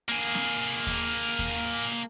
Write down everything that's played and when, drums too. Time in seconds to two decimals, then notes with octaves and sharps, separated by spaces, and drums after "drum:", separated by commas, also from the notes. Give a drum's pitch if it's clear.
0.08 A#3 G#4, drum: hi-hat
0.35 drum: snare C4
0.61 drum: hi-hat
0.87 drum: kick D#2, open hi-hat
1.13 drum: hi-hat
1.39 drum: kick D#2, hi-hat
1.65 drum: hi-hat
1.91 drum: hi-hat